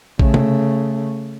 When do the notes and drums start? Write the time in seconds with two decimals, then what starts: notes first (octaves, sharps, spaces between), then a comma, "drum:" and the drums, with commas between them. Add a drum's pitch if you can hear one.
0.19 C#3 A3, drum: kick
0.34 drum: tom